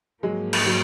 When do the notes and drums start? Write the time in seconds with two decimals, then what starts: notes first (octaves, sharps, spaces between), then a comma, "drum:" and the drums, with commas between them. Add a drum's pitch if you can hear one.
0.23 G#2 F3 F#3 G#3 A#3
0.53 drum: cymbal
0.66 F#3